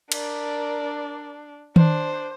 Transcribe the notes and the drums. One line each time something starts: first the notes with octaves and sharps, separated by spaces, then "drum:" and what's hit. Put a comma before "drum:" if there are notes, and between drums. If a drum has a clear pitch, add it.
D4 A#4 D5, drum: cymbal
D4 C5, drum: tom D#3